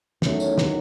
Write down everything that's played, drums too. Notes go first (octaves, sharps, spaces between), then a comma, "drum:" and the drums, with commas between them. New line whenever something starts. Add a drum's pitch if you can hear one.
E2 D#3 F#3 A3 C#4, drum: snare
drum: tambourine
drum: snare